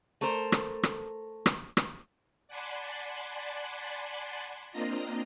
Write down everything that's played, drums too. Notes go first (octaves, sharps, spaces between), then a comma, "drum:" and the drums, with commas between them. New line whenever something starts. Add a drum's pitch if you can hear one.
A3 A4 A#4 C5
drum: rim click
drum: rim click
drum: rim click
drum: rim click
D5 F#5 G#5 A5 B5 C6
A#3 C4 D4 F4 D#5 A#5